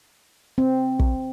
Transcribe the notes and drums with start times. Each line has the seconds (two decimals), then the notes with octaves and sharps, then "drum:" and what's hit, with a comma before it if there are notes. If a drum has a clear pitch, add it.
0.58 C4
0.99 drum: kick